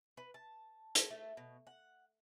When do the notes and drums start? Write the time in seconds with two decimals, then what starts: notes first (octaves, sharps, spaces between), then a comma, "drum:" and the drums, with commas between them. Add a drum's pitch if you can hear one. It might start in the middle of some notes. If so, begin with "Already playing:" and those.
0.17 B4
0.34 A5
0.95 drum: hi-hat
1.10 A3
1.37 B2
1.67 F#5